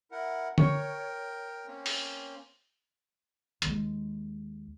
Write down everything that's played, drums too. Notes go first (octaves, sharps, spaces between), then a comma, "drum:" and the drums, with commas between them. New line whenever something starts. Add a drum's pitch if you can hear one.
E4 A#4 F#5
A#4 C#5 G5, drum: tom
A#3 C4 C#4
drum: open hi-hat
D#2 G#3, drum: hi-hat